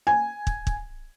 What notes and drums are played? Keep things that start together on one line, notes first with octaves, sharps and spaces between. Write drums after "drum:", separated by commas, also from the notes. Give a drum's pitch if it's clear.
G#5
drum: kick
drum: kick